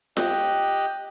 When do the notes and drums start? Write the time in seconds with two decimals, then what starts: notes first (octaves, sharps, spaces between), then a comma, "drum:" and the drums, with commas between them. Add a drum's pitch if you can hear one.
0.17 G4 D#5 G5 F#6, drum: snare F4